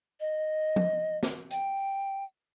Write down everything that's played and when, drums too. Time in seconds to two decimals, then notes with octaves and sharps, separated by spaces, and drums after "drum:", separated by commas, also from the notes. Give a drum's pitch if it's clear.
0.20 D#5
0.76 drum: tom F3
1.23 drum: snare
1.51 G5, drum: hi-hat